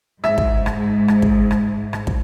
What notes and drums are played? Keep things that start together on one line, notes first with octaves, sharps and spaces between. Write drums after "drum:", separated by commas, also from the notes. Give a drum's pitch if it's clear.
G#2 E5, drum: rim click
drum: kick
drum: rim click
drum: rim click
drum: kick
drum: rim click
drum: rim click
drum: kick